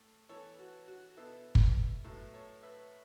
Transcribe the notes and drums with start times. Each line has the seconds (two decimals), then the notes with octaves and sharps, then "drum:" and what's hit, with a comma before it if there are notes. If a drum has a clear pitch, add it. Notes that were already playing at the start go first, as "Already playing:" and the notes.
Already playing: A2 A3
0.29 E3 B3 A4 C#5
0.59 F#4
0.88 F#4
1.17 B2 B3 E4 A4
1.55 drum: kick
2.04 A2 F#3 B3 E4 A4
2.34 A4 C#5
2.63 B4 E5